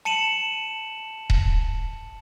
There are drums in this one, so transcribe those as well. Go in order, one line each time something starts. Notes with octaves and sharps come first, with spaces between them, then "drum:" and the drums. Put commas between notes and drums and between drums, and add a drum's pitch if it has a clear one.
A5 C#7 D#7 E7 F#7
drum: kick D#1